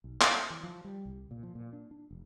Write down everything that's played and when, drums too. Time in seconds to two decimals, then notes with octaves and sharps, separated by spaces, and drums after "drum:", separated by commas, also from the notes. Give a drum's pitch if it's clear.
0.04 B1
0.21 C4, drum: clap
0.50 E3
0.63 F3
0.84 G3
1.05 C2
1.31 A#2
1.43 F3
1.55 A#2
1.73 D4
1.91 D4
2.11 F1